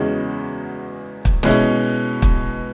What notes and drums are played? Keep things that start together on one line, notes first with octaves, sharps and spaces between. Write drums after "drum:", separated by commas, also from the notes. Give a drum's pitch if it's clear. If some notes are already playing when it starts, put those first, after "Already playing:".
Already playing: E2 C#3 G#3 C#4 F#4
drum: kick
B2 G#3 C#4 E4, drum: snare
drum: kick